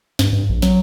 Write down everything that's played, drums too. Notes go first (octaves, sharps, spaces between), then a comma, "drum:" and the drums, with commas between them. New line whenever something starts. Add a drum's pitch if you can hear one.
G2, drum: snare
G2
A#1
F#3, drum: snare